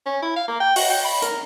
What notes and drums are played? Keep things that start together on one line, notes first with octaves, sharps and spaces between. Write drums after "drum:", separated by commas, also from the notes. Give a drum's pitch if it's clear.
C#4
E4
F5
A#3
G5
F#4, drum: open hi-hat
G5
B5
A#4, drum: hi-hat